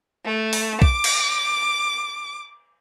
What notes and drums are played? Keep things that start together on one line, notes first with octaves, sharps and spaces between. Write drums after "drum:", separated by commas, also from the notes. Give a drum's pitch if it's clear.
A3
drum: open hi-hat
D6, drum: kick
drum: cymbal